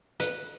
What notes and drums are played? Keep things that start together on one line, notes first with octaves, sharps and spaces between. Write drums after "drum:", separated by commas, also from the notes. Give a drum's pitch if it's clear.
B4, drum: hi-hat